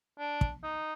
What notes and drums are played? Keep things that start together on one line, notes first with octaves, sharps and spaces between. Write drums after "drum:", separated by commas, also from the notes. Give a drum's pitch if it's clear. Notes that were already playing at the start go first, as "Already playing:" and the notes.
D4
drum: kick
D#4